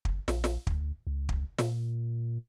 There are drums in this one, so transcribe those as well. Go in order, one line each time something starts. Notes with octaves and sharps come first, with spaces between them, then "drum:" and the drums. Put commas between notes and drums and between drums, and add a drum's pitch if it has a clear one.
F#1, drum: kick
A#1, drum: snare
drum: snare
D2, drum: kick
C#2
drum: kick
A#2, drum: snare